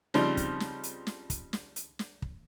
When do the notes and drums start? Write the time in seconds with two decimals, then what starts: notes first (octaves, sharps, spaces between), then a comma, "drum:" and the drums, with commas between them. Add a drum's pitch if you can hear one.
0.14 C#3 F3 G3 C4 D#4, drum: snare
0.37 drum: kick, hi-hat
0.60 drum: snare
0.83 drum: hi-hat
1.07 drum: snare
1.30 drum: kick, hi-hat
1.53 drum: snare
1.76 drum: hi-hat
1.99 drum: snare
2.22 drum: kick